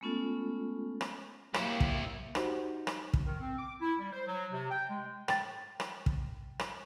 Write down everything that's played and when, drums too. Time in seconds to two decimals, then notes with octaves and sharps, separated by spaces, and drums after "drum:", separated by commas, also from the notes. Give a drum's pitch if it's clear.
0.01 G#3 A3 B3 C#4 F4 A4
1.01 drum: rim click
1.54 F#3 A#3 E4 G4, drum: rim click
1.80 drum: kick
2.35 D#4 F#4 G4 C5, drum: rim click
2.87 drum: rim click
3.14 drum: kick
3.25 D#3
3.40 C4
3.58 D6
3.81 E4
3.99 G3
4.12 C5
4.27 F#3
4.52 C3
4.70 G5
4.89 G#3
5.28 G5 A6, drum: rim click
5.80 drum: rim click
6.06 drum: kick
6.59 drum: rim click